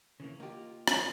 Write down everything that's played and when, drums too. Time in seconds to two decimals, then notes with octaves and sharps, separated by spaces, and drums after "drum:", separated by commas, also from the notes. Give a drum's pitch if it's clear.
0.20 C#3 E3 A#3
0.40 A#3 D#4 F4 G4
0.88 D3 C#4 G#4, drum: rim click